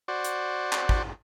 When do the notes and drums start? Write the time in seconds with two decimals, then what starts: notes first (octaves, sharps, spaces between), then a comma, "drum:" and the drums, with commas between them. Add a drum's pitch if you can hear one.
0.08 F#4 C5 D5
0.25 drum: hi-hat
0.73 drum: clap
0.89 drum: kick